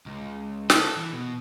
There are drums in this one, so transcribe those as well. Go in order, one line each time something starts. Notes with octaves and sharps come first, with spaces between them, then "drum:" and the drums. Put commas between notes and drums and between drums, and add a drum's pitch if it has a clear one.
C#2
A4, drum: snare
E3
B2